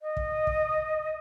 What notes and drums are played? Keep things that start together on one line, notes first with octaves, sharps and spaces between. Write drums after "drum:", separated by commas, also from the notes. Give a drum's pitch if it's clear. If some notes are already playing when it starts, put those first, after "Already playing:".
D#5
drum: kick
drum: kick